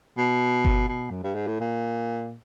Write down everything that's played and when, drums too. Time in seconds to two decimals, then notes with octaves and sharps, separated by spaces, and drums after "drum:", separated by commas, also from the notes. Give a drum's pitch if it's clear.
0.18 B2
0.65 drum: kick G1
0.88 B2
1.11 F#2
1.24 G2
1.35 G#2
1.47 A2
1.60 A#2